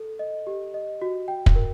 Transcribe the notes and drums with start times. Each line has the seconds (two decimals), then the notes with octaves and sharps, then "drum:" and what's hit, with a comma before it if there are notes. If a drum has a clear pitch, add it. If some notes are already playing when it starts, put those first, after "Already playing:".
Already playing: A4
0.19 D#5
0.47 G4
0.74 D#5
1.02 F#4
1.28 G5
1.46 drum: kick
1.55 A#4